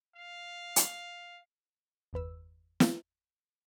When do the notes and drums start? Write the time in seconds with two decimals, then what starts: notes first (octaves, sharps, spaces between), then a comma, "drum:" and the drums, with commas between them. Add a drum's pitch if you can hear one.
0.16 F5
0.76 drum: hi-hat
2.13 G1 E2 B4 E6
2.80 drum: snare